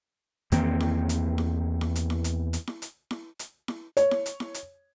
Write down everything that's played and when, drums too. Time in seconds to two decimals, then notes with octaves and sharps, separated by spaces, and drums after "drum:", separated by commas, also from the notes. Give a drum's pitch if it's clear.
0.52 E2 D#3 A#3 C4, drum: hi-hat
0.80 drum: snare E4
1.09 drum: hi-hat
1.38 drum: snare E4
1.81 drum: snare E4
1.96 drum: hi-hat
2.10 drum: snare E4
2.24 drum: hi-hat
2.53 drum: hi-hat
2.67 drum: snare E4
2.82 drum: hi-hat
3.11 drum: snare E4
3.39 drum: hi-hat
3.68 drum: snare E4
3.97 C#5, drum: hi-hat
4.11 drum: snare E4
4.26 drum: hi-hat
4.40 drum: snare E4
4.54 drum: hi-hat